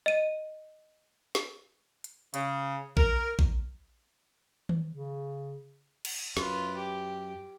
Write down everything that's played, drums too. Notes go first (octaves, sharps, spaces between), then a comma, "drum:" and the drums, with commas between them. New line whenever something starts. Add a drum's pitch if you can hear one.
D#5 D#7
drum: snare
drum: hi-hat
C#3, drum: hi-hat
A#4, drum: kick A#1
drum: kick A#1
drum: tom D#3
C#3
drum: cymbal
F#2 F4 B4, drum: snare
G4